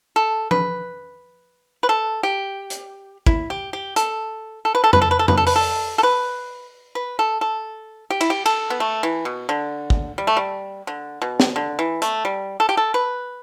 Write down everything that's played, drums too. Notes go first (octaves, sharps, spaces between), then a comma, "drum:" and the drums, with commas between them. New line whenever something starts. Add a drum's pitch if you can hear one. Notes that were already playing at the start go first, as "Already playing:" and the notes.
A4
B4, drum: tom F3
B4
A4
G4
drum: hi-hat
E4, drum: kick
G4
G4
A4, drum: hi-hat
A4
B4
A4
B4, drum: tom F2
A4
B4
A4
B4, drum: tom F2
A4
B4, drum: open hi-hat
A4
A4
B4
B4
A4
A4
G4
E4, drum: cymbal
G4
A4, drum: cymbal
B3
A3
E3
B2
D3
drum: kick
G3
A3
G3
D3
B2
drum: snare
D3
E3
A3, drum: hi-hat
G3
A4
G4
A4
B4